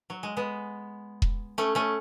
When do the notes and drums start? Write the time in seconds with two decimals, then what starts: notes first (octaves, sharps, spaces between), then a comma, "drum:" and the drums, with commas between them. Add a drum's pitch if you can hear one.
0.10 F#3
0.23 G#3
0.37 G#3 B3
1.22 drum: kick E1
1.58 A3 C#4
1.75 A3 C#4